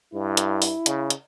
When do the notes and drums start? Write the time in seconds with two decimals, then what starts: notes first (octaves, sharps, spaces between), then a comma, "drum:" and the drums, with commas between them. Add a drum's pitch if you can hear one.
0.14 G2 E4
0.37 drum: hi-hat
0.62 drum: open hi-hat
0.86 C#3, drum: hi-hat
1.10 drum: hi-hat